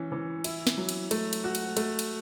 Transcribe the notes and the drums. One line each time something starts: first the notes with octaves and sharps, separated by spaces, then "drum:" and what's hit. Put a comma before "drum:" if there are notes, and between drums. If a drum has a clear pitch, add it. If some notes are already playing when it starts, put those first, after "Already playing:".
Already playing: E3 C#4
E3
E4, drum: cymbal
drum: snare
F#3
drum: cymbal
A3, drum: cymbal
drum: cymbal
F#4
drum: cymbal
A3, drum: cymbal
drum: cymbal